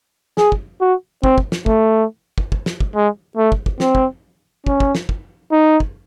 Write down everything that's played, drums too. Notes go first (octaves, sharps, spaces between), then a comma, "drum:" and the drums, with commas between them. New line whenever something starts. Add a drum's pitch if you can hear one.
G#4, drum: snare
drum: kick
F#4
C4, drum: kick
drum: kick
drum: snare
A3, drum: kick
drum: kick
drum: kick
drum: snare
drum: kick
G#3
A3
drum: kick
drum: kick
C4, drum: snare
drum: kick
C#4, drum: kick
drum: kick
drum: snare
drum: kick
D#4
drum: kick